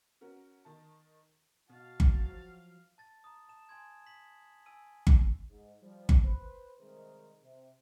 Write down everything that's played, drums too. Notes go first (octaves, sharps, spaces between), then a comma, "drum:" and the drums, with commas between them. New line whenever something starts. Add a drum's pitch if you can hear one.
C#4 F#4 A#4
D#3 A5
B2 F#4 F5 A5
drum: kick G1
F3 F#3
A5 A6
A#5 D#6
A5 E7
G#5 C6 G#6
B6 F#7
G#5 E6 D#7
drum: kick G1
G#2
F3 G3
drum: kick G1
B4 C5
C3 D#3 G3 G#3 A#4 C5
C3